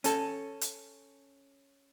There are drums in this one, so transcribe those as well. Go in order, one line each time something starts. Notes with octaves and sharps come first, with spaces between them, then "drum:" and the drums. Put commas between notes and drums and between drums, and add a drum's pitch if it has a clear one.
C#4 A4, drum: hi-hat
drum: hi-hat